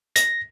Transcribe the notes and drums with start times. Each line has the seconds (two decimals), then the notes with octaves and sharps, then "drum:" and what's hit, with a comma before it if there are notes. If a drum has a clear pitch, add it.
0.16 A#6, drum: hi-hat